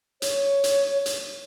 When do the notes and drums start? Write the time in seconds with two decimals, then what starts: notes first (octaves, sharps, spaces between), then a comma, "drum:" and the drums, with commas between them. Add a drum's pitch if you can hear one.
0.22 C#5, drum: hi-hat
0.64 drum: hi-hat
1.06 drum: hi-hat